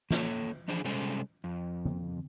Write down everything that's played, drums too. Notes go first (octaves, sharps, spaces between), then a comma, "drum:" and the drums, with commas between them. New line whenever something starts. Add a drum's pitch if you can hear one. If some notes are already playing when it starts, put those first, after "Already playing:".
A#3 A4 C#5, drum: snare
E3 F3 D4 G#4 C5
C3 G3 G#3 C#4 A4 C5
F2
drum: tom D3